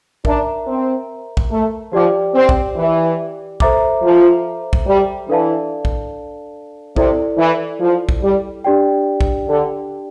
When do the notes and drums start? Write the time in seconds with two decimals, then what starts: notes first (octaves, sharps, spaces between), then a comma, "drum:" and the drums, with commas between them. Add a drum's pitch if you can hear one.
0.25 D4 A#4 E5 A#5, drum: kick A#1
0.67 C4
1.37 drum: kick A#1
1.51 A3
1.93 F3 G4 D5 G5 D6
2.35 C4
2.49 drum: kick A#1
2.77 E3
3.60 A4 C5 E5 A#5 D6, drum: kick A#1
4.03 F3
4.73 drum: kick A#1
4.87 G3
5.28 E3 D4 A4 D5 F5 A5
5.85 drum: kick A#1
6.96 C3 E4 A4 D5, drum: kick A#1
7.38 E3
7.81 F3
8.09 drum: kick A#1
8.22 G3
8.64 D4 G4 D5 G5
9.21 drum: kick A#1
9.48 D3